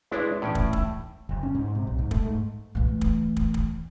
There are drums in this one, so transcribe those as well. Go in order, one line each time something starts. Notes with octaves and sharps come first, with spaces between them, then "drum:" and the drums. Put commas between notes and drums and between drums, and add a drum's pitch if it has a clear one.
G#3 D4 E4 B4 C#5 D5
A2 E3 C#4 G5
drum: kick
E6, drum: kick
F#1
C#4
G#2
C3
B1
G#2
A3, drum: kick
G#2
E3 A3
drum: kick
drum: kick
drum: kick